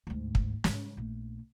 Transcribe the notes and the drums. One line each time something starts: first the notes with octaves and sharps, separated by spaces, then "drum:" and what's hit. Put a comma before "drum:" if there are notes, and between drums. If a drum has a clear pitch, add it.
D2 G#2
drum: kick
G#2 C#3, drum: snare
A#1 A3